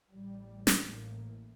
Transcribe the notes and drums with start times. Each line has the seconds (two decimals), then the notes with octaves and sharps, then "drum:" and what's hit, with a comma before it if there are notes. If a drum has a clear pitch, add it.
0.11 A1 A2 G3
0.67 drum: snare
0.94 A#3